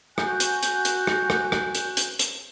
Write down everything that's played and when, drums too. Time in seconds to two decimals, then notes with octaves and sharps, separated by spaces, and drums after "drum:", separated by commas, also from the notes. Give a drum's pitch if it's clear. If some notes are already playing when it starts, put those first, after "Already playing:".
0.18 F#4 G#5 F#6 G6, drum: rim click
0.40 drum: hi-hat
0.63 drum: hi-hat
0.85 drum: hi-hat
1.07 drum: rim click
1.30 drum: rim click
1.52 drum: rim click
1.75 drum: hi-hat
1.97 drum: hi-hat
2.19 drum: hi-hat